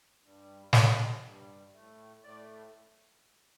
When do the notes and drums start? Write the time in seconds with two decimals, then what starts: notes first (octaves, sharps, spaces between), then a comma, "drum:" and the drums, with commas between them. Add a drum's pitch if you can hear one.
0.23 G2 G3
0.73 G2 G3, drum: snare
1.24 G2 G3
1.73 A2 A3
2.23 A2 A3 D5